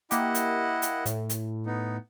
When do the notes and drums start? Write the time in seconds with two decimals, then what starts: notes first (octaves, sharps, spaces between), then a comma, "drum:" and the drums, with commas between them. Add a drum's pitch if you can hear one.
0.11 A#3 E4 G4 D#5 F#5, drum: hi-hat
0.35 drum: hi-hat
0.82 drum: hi-hat
1.06 A2, drum: hi-hat
1.29 drum: hi-hat
1.66 B3 D#4